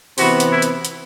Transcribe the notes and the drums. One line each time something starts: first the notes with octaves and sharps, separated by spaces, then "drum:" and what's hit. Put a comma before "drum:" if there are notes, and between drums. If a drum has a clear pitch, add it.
C3 E3 B3 F#4, drum: open hi-hat
drum: hi-hat
E4
drum: hi-hat
drum: hi-hat